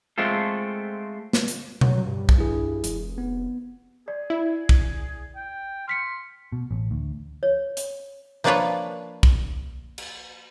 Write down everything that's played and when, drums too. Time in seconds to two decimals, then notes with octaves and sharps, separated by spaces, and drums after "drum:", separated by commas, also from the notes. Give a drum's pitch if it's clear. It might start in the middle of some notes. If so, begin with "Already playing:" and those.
0.18 G#3 A3 C4 F4 A4
1.33 drum: snare
1.48 drum: hi-hat
1.81 F#3, drum: tom B2
2.06 G2
2.29 drum: kick
2.38 E4 G#4
2.84 F1, drum: hi-hat
3.18 B3
4.08 G#4 D5
4.30 E4
4.69 drum: kick
5.35 G5
5.88 C6 F6 B6 C#7
6.52 B2
6.71 A1
6.91 D2
7.43 C#5
7.77 drum: hi-hat
8.44 F3 A#3 D4 F4 B4 C#5
9.23 drum: kick
9.98 drum: cymbal